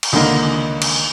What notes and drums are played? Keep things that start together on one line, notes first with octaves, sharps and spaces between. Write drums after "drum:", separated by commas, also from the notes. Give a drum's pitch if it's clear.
drum: cymbal
C#2 D3 D#3 A#3
drum: cymbal